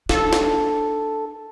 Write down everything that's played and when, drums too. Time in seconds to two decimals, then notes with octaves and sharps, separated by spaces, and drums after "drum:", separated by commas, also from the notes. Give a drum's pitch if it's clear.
0.09 D4 A4, drum: snare
0.33 drum: snare